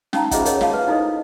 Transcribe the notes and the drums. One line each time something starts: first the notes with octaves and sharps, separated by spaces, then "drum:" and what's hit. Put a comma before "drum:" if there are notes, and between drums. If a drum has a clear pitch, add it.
C#4 D#4 F5 A5 A#5, drum: snare
F4 G#4 C5 D#5 E5 F#5, drum: kick, hi-hat
A#4 C#5 D#5, drum: hi-hat
F4 F5 A5, drum: snare
B4
D#4 E4 A4 C5 D#5